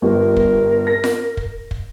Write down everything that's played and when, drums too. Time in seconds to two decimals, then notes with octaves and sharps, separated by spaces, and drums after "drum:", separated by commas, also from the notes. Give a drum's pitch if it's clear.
0.02 G1 G4 A#4
0.36 drum: kick
0.87 A#6
1.04 drum: snare F4
1.37 drum: kick
1.71 drum: kick